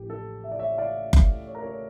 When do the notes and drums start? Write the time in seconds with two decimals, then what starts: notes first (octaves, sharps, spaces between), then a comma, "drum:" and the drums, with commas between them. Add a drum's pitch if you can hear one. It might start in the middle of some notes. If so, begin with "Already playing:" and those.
Already playing: A1 A2 F3 G4
0.10 A4
0.44 E5
0.51 D5
0.59 C#5 E5
0.78 D5 F5
1.13 drum: kick F#1
1.47 C#5
1.55 A#4
1.62 A4 C#5